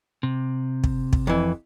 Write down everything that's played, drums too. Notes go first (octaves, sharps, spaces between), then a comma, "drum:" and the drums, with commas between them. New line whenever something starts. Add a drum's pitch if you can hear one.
C3
drum: kick
drum: kick
F2 E3